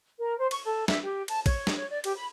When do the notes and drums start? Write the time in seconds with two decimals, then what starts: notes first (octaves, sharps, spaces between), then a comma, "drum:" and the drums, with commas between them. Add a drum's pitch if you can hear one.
0.19 A#4
0.38 C5
0.51 C#6, drum: cymbal
0.65 A4
0.88 E5, drum: snare
1.04 G4
1.28 A5, drum: cymbal
1.46 C#5, drum: kick, cymbal
1.67 drum: snare
1.77 C#5
1.91 D5
2.04 G4, drum: cymbal
2.15 B5